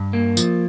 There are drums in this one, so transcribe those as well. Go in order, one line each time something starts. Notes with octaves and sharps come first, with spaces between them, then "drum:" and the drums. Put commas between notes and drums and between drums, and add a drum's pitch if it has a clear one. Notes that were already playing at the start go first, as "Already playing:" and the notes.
Already playing: G2
A#3
F3, drum: tambourine